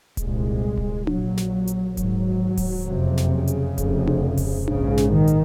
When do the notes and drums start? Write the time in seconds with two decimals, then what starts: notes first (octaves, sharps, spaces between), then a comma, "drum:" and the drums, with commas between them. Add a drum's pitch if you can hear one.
0.17 C2 A#2 G#3, drum: kick D1, hi-hat
0.77 drum: kick D1
1.07 A#1 A#2 F#3, drum: tom D4
1.37 drum: snare
1.67 drum: hi-hat
1.97 G#1 G#2 F#3, drum: kick D1, hi-hat
2.57 drum: kick D1, open hi-hat
2.87 F#1 F2 C3
3.17 drum: snare
3.33 C#3
3.47 drum: hi-hat
3.78 F1 F2 C3, drum: kick D1, hi-hat
4.07 drum: tom D4
4.37 drum: kick D1, open hi-hat
4.68 A#1 G#2 C#3, drum: tom D4
4.97 drum: snare
5.12 D#3
5.27 drum: hi-hat